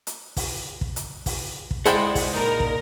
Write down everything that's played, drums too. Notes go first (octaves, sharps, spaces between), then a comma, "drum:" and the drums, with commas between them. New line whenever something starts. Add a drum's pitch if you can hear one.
drum: hi-hat
drum: kick, open hi-hat
drum: kick
drum: hi-hat
drum: kick, open hi-hat
drum: kick
G#3 E4 C5 D5 F#5 G5, drum: hi-hat
drum: kick, open hi-hat
A#2 D#4 A#4
drum: kick